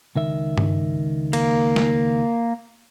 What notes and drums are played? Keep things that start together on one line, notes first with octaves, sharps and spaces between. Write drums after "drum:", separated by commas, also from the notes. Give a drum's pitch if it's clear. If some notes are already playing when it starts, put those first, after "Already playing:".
C#2 D#3 E5
drum: tom G2
A#3, drum: cymbal
drum: snare